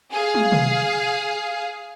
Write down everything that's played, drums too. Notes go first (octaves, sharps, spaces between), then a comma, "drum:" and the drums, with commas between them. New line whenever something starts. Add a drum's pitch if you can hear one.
G#4 F5
drum: tom
drum: tom